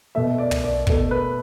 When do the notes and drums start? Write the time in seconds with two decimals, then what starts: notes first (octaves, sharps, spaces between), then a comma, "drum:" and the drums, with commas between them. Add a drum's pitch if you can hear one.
0.15 B2 A3 E5
0.38 D5
0.51 drum: tom
0.64 D5
0.87 B2 A3, drum: kick
1.11 B4